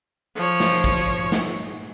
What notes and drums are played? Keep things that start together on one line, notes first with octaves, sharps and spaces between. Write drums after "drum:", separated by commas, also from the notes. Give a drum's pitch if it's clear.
F3 C#5, drum: tambourine
drum: snare
drum: kick, tambourine
drum: tambourine
drum: snare
drum: tambourine